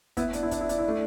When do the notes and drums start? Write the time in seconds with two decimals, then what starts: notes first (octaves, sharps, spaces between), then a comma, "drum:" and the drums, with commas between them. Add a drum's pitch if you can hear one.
0.17 B3 E4, drum: kick, hi-hat
0.33 D4, drum: hi-hat
0.43 E4
0.51 D4, drum: kick, hi-hat
0.61 E4
0.69 D4, drum: hi-hat
0.78 E4
0.88 A3 D4